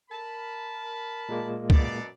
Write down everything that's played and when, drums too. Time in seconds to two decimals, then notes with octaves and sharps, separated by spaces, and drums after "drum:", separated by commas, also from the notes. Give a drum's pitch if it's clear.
0.10 A#4 A5 B5
1.29 A#2 G#3 A#3
1.70 F#2 B2 D5, drum: kick